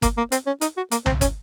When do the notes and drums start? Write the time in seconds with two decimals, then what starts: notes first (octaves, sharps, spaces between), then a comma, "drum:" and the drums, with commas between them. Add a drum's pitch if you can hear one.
0.02 A#3, drum: kick, hi-hat
0.17 A#3
0.32 C4, drum: hi-hat
0.47 C#4
0.61 D#4, drum: hi-hat
0.77 F#4
0.91 A#3, drum: hi-hat
1.06 C4, drum: tom C2
1.21 C#4, drum: kick, hi-hat